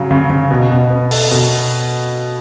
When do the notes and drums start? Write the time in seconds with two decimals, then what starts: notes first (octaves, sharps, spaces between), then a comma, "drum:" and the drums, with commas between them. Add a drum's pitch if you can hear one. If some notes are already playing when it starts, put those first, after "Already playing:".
Already playing: C#3 F#3
0.11 C#3
0.30 C#3
0.51 B2
0.71 B2
0.90 B3
1.11 A4, drum: open hi-hat
1.31 B2